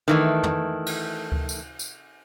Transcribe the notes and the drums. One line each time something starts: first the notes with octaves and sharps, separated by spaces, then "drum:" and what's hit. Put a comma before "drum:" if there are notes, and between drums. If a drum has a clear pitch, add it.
D#3 E3 A3
drum: tom
drum: cymbal
drum: kick D2
drum: tambourine
drum: tambourine